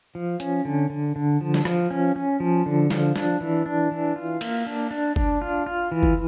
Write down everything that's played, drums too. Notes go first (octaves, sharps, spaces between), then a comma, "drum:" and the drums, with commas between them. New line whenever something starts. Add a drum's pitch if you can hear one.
F3
C#4, drum: hi-hat
D3
D3
D3
F3
drum: snare
F3, drum: rim click
C#4
C#4
F3
D3
F3, drum: snare
D4, drum: snare
E3
D4
E3
F4
A#3, drum: cymbal
D4
D4
D4, drum: kick F#1
F4
F4
E3
drum: kick F#1